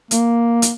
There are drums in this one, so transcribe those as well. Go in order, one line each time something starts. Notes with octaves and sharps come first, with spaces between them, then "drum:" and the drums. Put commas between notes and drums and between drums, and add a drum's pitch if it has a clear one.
A#3, drum: hi-hat
drum: hi-hat